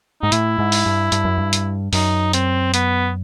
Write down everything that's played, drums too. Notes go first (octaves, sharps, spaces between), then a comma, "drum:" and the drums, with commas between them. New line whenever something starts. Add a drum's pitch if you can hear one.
G#2 D#4
A2 E4, drum: hi-hat
G#2
drum: open hi-hat
G2
G2, drum: hi-hat
F#2
G2
drum: hi-hat
F#2 D#4, drum: open hi-hat
C4, drum: hi-hat
B3, drum: hi-hat